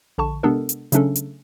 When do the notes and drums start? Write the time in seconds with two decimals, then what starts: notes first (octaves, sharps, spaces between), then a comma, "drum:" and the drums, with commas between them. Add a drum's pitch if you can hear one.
0.18 A#1 D3 A5 C#6
0.43 C3 G#3 B3 D4 A4 A#4
0.69 drum: hi-hat
0.92 C#3 F#3 A3 C#4 D4 A4, drum: hi-hat
1.16 drum: hi-hat